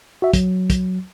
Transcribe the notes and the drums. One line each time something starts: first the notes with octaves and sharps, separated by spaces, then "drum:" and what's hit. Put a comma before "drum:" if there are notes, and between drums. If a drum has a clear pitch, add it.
F#4 E5
F#3, drum: kick, hi-hat
drum: kick, hi-hat